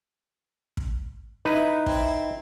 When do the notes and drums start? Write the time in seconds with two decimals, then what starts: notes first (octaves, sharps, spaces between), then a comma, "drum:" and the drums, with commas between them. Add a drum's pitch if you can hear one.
0.77 drum: kick
1.45 D#4 E4 B4
1.86 C4 E4, drum: kick